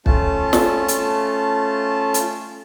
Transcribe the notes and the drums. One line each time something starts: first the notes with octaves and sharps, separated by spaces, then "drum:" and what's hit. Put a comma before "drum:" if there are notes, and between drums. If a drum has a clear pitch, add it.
A3 C#4 F4 A5, drum: kick
drum: snare
drum: hi-hat
drum: hi-hat